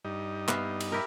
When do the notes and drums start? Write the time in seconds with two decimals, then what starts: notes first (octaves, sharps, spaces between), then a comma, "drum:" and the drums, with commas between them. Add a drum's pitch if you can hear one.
0.04 G2 D#4
0.48 B3 E5 F5, drum: clap
0.80 drum: cymbal
0.92 E4 G4 A#4